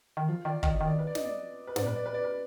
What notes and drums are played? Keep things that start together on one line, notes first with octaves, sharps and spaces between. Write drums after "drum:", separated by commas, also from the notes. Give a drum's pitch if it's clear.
D#3
F3 F4
D#3 D5
D#3 D#5, drum: kick
D#5
D#3
D5
B4
D5
D#5, drum: snare
D5
B4
G#2 D5, drum: snare
A#2 B4
D5
B4
D5
B4